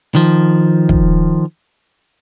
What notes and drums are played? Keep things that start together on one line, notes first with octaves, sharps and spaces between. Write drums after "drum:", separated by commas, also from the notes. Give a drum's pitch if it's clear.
D#3 F3
drum: kick